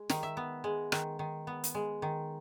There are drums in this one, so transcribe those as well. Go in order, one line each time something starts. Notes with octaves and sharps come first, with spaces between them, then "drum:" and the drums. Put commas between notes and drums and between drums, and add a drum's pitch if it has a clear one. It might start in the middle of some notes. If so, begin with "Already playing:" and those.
Already playing: G#3
D#3, drum: snare
E5
B3
G#3
D#3, drum: rim click
D#3
B3
drum: hi-hat
G#3
D#3